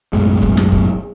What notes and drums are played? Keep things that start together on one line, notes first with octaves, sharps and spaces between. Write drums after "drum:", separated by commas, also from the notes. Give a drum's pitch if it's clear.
B1 F#2 A2 G#3
drum: kick
drum: snare
drum: kick